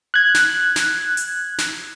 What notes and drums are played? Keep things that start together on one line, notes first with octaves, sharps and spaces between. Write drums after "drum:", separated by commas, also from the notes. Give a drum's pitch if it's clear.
F#6 G#6
drum: snare
drum: snare
drum: hi-hat
drum: snare